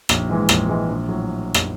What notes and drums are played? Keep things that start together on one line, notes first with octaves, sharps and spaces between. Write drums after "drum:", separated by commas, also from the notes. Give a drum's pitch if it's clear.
A#1, drum: rim click
G#2 E3 G#3
A#1, drum: rim click
G#2 E3 G#3
A#1
A2 F#3
drum: rim click